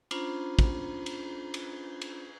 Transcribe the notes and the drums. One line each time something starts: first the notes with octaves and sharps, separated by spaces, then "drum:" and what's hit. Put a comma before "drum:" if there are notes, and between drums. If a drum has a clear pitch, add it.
C#4 D4 F4 C5 A#5 B5, drum: cymbal
drum: kick, cymbal
drum: cymbal
drum: cymbal
drum: cymbal